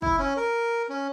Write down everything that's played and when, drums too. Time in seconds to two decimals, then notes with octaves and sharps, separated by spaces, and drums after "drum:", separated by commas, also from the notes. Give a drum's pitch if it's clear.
0.02 E4, drum: kick
0.19 C#4
0.37 A#4
0.89 C#4